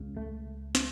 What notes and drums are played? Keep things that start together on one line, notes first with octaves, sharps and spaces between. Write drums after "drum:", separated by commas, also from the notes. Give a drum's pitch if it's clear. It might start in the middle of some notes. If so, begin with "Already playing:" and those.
Already playing: C#2 C#3
A3
drum: snare